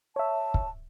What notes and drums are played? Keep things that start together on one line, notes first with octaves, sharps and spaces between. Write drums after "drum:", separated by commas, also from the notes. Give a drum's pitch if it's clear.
C#5 E5 A5
drum: kick